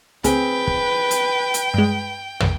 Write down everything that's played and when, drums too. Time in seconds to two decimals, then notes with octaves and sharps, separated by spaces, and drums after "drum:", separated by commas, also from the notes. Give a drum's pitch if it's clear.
0.24 C#2 C4 G#4 B4 G5, drum: hi-hat
0.67 drum: kick
1.11 drum: hi-hat
1.54 drum: hi-hat
1.74 G2 G#3
2.40 drum: tom